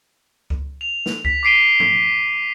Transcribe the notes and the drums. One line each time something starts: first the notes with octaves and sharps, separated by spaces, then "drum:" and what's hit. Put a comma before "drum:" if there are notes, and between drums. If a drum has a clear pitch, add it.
drum: kick C#2
F7
drum: snare
B6, drum: kick C#2
D6 B6 C7 D7 D#7 G7
drum: tom G#2